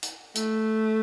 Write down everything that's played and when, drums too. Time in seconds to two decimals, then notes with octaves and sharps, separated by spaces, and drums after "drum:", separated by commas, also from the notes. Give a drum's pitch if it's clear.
0.03 drum: hi-hat
0.36 A3, drum: hi-hat